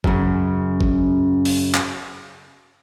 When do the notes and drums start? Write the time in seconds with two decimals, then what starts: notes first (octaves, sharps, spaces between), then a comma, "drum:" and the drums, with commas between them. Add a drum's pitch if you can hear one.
0.04 F#2 C#3, drum: kick
0.81 drum: kick
1.45 drum: open hi-hat
1.74 drum: clap